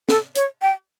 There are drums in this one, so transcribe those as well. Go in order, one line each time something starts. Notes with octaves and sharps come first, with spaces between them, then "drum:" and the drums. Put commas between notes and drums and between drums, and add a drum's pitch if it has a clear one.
A4, drum: snare
C#5, drum: hi-hat
G5